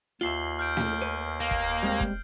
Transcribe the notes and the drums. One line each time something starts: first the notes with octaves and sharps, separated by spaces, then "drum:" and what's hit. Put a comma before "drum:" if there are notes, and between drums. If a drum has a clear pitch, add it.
D#2 F4 E5 C7 F#7 G7
F6 G6 D7
drum: snare
B4 C#5
A#3
drum: kick
G3 G#3 C4
drum: kick